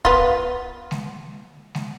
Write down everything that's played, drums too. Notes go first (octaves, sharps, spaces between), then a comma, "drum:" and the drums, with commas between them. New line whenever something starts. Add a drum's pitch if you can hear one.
B3 F4, drum: kick
drum: snare G#3
drum: snare G#3